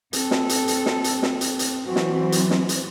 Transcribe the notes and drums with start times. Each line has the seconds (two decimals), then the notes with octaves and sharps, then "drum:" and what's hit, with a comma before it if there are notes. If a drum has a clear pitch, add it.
0.13 C4 A4, drum: hi-hat
0.31 drum: snare
0.49 drum: hi-hat
0.68 drum: hi-hat
0.86 drum: snare
1.04 drum: hi-hat
1.23 drum: snare
1.41 drum: hi-hat
1.59 drum: hi-hat
1.86 E3 F#3 C4 F#4
1.96 drum: snare
2.32 drum: hi-hat
2.51 drum: snare
2.69 drum: hi-hat